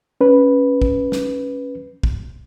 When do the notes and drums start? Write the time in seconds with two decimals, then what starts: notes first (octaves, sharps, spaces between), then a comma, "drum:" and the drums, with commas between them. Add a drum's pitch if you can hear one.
0.21 C#4 B4
0.82 drum: kick
1.12 drum: snare
2.03 drum: kick